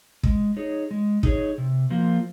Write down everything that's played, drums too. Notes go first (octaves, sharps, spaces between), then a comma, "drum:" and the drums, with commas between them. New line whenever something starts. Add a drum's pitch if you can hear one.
G#3, drum: kick
D#4 G#4 C#5
G#3
D#4 G#4 C#5, drum: kick
C3
F3 A#3 F4